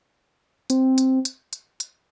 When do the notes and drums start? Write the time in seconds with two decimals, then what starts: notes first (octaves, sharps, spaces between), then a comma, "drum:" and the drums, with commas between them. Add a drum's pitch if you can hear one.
0.70 C4, drum: hi-hat
0.98 drum: hi-hat
1.25 drum: hi-hat
1.53 drum: hi-hat
1.80 drum: hi-hat